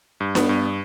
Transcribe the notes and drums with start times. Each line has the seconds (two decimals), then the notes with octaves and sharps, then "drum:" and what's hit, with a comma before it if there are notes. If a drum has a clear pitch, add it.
0.20 G2
0.35 B3, drum: snare D4
0.49 G2